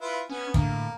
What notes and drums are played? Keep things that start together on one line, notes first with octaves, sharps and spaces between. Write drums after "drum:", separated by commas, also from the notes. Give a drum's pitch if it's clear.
E4 F4 B4
B3 C#4 G#5
A2 D3 A#3, drum: kick